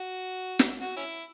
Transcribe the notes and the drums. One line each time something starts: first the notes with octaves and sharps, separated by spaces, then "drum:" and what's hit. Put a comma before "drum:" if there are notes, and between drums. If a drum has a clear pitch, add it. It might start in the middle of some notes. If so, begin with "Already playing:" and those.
Already playing: F#4
drum: snare
F#4
C#4 E4